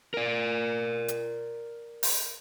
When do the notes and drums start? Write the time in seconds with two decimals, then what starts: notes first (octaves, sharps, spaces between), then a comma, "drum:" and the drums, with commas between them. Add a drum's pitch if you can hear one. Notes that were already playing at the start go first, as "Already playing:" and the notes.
0.14 A#4 D5
1.08 drum: hi-hat
2.03 drum: open hi-hat